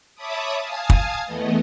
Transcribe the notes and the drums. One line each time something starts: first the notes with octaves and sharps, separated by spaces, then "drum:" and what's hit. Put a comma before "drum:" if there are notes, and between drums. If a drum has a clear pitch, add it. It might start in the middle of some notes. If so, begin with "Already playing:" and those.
C#5 E5 A5 B5 D6 D#6
F5 G#5 A5 D#6 G#6
drum: kick
E2 E3 A3 B3 D#5